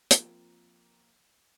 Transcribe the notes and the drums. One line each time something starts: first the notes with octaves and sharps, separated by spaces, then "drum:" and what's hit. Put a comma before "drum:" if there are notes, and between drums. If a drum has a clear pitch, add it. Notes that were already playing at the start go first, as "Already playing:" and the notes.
F3 A#3 C4, drum: hi-hat